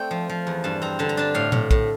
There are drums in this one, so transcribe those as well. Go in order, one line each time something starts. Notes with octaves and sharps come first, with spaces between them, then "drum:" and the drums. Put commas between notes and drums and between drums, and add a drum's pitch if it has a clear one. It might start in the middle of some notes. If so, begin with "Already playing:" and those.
Already playing: A3 C4 D5 G5
F3
F3
E2
G2 A5
C4 A#5
D3 A5
A#5
D4 A5
A2 F5
A2, drum: tom A#2
A2, drum: kick